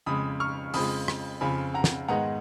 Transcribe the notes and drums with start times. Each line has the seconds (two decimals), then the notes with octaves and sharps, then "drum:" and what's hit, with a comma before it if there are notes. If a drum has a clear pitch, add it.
0.06 F2 C#3 G#3 B5 D#6
0.40 C#6 F6
0.74 F2 C#3 F3 G#3 B5 D#6, drum: open hi-hat
1.08 drum: rim click
1.41 F2 C#3 F3 G#5 B5
1.74 F#5 A#5
1.84 drum: snare
2.08 G#2 D#3 G#3 B3 D#4 F#5 A#5